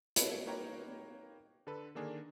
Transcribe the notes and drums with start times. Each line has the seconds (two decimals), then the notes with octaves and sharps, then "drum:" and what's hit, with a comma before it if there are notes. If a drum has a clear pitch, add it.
0.16 E4 F4 A4 B4 C#5 E5, drum: hi-hat
0.46 A#3 D#4 B4 C#5 G5 A#5
1.67 D3 A4 B4
1.95 D3 D#3 A#3 D4 G#4